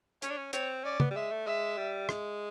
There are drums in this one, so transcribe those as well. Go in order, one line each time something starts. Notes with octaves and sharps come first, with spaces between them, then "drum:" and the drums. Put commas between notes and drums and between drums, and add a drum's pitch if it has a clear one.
C#4 C#5, drum: hi-hat
D4
C#4
C4 C#5, drum: hi-hat
C#4 D5
B3, drum: tom
G3
G#3 E5
A3
G#3 E5
G3
G#3, drum: rim click